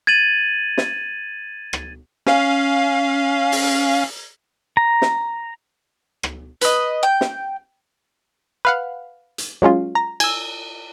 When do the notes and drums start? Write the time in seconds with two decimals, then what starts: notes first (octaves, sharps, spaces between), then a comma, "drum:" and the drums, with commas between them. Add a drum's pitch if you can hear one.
0.07 G#6 A6 D#7 F#7
0.78 drum: snare
1.73 drum: rim click
2.27 C#4 F5, drum: snare
3.52 drum: open hi-hat
4.77 A#5
5.02 drum: snare
6.23 drum: rim click
6.61 B4 D#5, drum: hi-hat
7.03 G5
7.21 drum: snare
8.65 B4 F5 F#5
9.38 drum: hi-hat
9.62 F#3 G#3 C#4 F4
9.95 A#5
10.20 G#5 E6, drum: cymbal